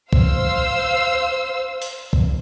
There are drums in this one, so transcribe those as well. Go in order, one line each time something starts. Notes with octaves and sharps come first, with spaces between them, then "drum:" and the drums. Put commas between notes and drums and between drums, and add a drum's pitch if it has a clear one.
C5 F5 E6, drum: kick
drum: open hi-hat
drum: kick